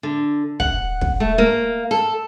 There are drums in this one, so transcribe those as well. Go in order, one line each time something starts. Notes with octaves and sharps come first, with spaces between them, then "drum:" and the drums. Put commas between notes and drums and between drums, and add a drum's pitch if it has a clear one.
D3
F#5, drum: kick
drum: kick
A3
A#3
A4